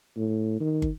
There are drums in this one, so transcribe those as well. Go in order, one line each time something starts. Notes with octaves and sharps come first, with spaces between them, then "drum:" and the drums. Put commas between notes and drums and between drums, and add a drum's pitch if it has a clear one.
A2
D#3
drum: kick